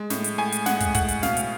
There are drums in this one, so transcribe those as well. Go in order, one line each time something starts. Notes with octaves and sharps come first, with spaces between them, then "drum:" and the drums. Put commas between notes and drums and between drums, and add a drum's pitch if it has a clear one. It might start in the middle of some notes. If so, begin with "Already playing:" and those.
Already playing: G#3
A2, drum: snare
drum: hi-hat
A2 G#5
drum: hi-hat
G#3 F#5, drum: snare
drum: kick, hi-hat
A2 F#5, drum: kick, hi-hat
drum: hi-hat
B2 F5, drum: snare
drum: hi-hat